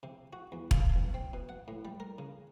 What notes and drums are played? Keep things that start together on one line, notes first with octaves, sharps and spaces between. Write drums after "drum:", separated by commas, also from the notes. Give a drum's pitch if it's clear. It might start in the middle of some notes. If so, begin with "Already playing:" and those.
C3
F#4
E2
F5, drum: kick E1
B1
C4
B2
F#5
A2
G3
A#4
C#3